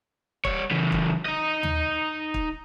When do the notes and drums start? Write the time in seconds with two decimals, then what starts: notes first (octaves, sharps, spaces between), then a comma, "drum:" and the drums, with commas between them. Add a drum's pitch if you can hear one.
0.45 G3 C#5, drum: kick
0.71 C#3 E3
0.92 drum: kick
1.26 D#4 D#5
1.63 drum: tom D#2
2.34 drum: kick